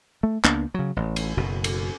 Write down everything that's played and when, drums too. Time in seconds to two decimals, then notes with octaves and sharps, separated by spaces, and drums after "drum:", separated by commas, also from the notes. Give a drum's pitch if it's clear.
0.23 A3
0.44 C#2 A#3 B3 D4, drum: clap
0.74 C#3 F#3
0.96 A1
1.16 drum: cymbal
1.37 F#1 F#2 B2
1.64 drum: cymbal